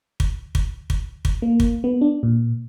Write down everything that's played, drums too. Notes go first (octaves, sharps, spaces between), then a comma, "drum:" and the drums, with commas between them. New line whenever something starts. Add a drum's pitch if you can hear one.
drum: kick
drum: kick
drum: kick
drum: kick
A#3
drum: kick
B3
D4
A#2